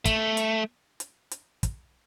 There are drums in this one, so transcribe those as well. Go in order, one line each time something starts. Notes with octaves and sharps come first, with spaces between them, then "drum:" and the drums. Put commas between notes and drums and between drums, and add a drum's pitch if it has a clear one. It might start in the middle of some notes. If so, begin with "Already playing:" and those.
A3, drum: kick, hi-hat
drum: hi-hat
drum: hi-hat
drum: hi-hat
drum: kick, hi-hat